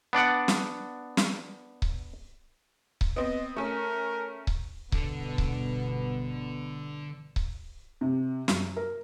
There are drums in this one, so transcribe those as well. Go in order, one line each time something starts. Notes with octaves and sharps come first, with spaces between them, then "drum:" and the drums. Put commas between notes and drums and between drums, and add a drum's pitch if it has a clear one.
B3 D4 D5 F#5
drum: snare
drum: snare
drum: kick C#1
drum: kick C#1
B3 C4 D#5
A3 C#4 A#4
drum: kick C#1
G1 B2 D3 B3 A4, drum: kick C#1
drum: kick C#1
drum: kick C#1
C3
F#2, drum: snare
A#4